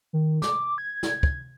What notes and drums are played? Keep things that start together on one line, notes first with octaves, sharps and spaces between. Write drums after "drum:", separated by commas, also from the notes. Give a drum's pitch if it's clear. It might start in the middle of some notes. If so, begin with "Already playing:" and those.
D#3
D6, drum: snare
G#6
drum: snare
drum: kick